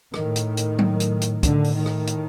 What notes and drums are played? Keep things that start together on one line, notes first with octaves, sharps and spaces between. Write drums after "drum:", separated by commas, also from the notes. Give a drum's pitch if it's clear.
A2 D#3, drum: rim click
drum: hi-hat
drum: hi-hat
drum: tom F#3
drum: hi-hat
drum: hi-hat
A2 D3, drum: kick, hi-hat
drum: open hi-hat
D#3
drum: rim click
drum: hi-hat